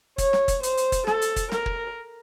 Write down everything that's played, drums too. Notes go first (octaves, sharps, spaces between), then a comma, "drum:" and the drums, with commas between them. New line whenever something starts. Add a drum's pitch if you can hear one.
C#5, drum: kick, hi-hat
drum: snare
drum: kick, hi-hat
C5, drum: hi-hat
drum: hi-hat
drum: kick, hi-hat
A4, drum: snare
drum: hi-hat
drum: kick, hi-hat
A#4, drum: snare
drum: kick